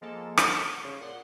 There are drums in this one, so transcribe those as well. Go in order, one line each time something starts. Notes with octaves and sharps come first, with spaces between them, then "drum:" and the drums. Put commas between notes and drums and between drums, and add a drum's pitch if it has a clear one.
F3 G#3 A#3 A4
drum: rim click
C6 C#6
C#3
A#2 F#5 C6